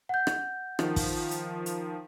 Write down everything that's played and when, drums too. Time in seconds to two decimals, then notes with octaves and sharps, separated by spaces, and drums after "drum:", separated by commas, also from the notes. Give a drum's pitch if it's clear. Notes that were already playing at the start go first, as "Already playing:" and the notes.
0.09 F#5 G6
0.27 drum: rim click
0.79 D#3 F3, drum: rim click
0.96 drum: kick, open hi-hat
1.31 drum: hi-hat
1.66 drum: hi-hat